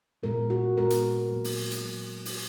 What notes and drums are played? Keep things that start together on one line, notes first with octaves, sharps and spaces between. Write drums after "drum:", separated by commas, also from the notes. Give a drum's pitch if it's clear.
A#2 G#3 B3 A#4
F#4
A#2 G#3 B3 A#4
drum: hi-hat
A#2 F#3 A#3
drum: open hi-hat
drum: hi-hat
A#2 F#3 A#3
drum: open hi-hat